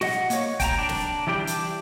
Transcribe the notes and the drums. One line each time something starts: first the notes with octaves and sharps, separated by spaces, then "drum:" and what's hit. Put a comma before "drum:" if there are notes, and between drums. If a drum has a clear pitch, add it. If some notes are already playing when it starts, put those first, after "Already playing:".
F#4 D#5 F#5, drum: snare
A#3 C#5, drum: hi-hat
G5 A5 A#5, drum: kick, hi-hat
D4
drum: snare
E3 G3 D4 G4
drum: hi-hat